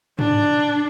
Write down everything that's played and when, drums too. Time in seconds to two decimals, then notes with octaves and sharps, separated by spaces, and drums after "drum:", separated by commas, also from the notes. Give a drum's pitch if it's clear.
0.19 D4, drum: tom G#2